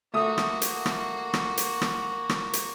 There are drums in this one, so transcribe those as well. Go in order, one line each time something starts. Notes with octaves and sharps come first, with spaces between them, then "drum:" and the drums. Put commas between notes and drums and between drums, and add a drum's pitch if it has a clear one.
A3 A#3 F#4 D#6
drum: rim click
drum: hi-hat
drum: rim click
drum: rim click
drum: hi-hat
drum: rim click
drum: rim click
drum: hi-hat